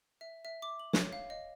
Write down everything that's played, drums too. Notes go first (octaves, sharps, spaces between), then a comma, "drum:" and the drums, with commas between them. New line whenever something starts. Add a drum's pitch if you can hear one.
E5
E5
D6
F#7
C#5, drum: snare
F5
D#5